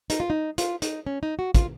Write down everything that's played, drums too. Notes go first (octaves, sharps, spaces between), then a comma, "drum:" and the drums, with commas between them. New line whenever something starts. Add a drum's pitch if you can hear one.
D#4, drum: hi-hat
F4
D#4
F4, drum: hi-hat
D#4, drum: hi-hat
C#4
D#4
F#4
F4, drum: kick, hi-hat